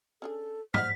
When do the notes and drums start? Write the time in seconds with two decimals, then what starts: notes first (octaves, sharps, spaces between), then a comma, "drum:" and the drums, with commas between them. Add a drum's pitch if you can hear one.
0.22 C#4 D4 G#4 A4
0.74 G3 C5 D#5 F#5 F6 B6, drum: tom